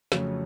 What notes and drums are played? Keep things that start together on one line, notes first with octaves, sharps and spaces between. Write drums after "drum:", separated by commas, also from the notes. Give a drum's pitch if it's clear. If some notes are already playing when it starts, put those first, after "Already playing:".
F2 C#3 F#3 A3 C#4, drum: snare